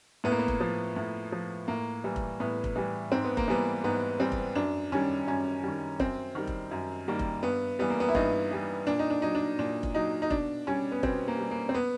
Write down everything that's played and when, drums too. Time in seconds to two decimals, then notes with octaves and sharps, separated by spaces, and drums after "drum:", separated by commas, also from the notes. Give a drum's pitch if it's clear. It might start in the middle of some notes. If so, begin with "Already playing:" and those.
0.24 A2 B3
0.32 A#3
0.39 B3
0.48 drum: kick F1
0.60 F3
0.96 A2
1.32 F3
1.68 A2 A#3
2.04 E3 G3
2.16 drum: kick F1
2.40 A2 B3
2.64 drum: kick F1
2.76 E3 G3
3.11 G#2 C4
3.24 B3
3.37 A#3, drum: kick F1
3.48 E3 G3 B3
3.84 G#2 B3
4.19 E3 G3 C4
4.32 drum: kick F1
4.55 F#2 D4
4.92 D#3 G3 C#4
5.27 F#2 C#4
5.63 D#3 G3
6.00 F#2 C4, drum: kick F1
6.35 D#3 G3
6.47 drum: kick F1
6.71 F#2
7.08 D#3 G3 A#3
7.19 drum: kick F1
7.43 G2 B3
7.79 E3 G3 B3
7.90 A#3
8.00 B3
8.09 E4
8.15 G2 D#4, drum: kick F1
8.51 E3 G3
8.87 A#2 D4
8.99 D#4
9.10 D4
9.22 F#3 D#4
9.35 D4
9.59 A#2 D4
9.83 drum: kick F1
9.95 F#3 D#4
10.22 D#4
10.30 B2 D4, drum: kick F1
10.67 G3 C#4
10.92 B3
11.03 B2 C4, drum: kick F1
11.28 A#3
11.38 G3
11.51 A#3
11.69 C4
11.75 B3